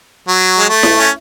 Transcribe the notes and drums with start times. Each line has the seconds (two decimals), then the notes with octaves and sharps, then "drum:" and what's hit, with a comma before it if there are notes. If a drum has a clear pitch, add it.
0.28 F#3
0.58 G#3
0.69 A3
0.83 drum: snare E4
0.99 C#4